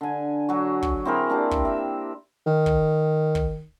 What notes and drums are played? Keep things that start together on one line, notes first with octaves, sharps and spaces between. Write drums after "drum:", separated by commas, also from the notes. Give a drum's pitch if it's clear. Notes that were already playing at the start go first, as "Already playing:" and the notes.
D3 G#5
F#3 F#4
drum: kick
C4 E4 G#4 A#4
A#3 D4 G4
drum: kick
E5
D#3
drum: kick
drum: kick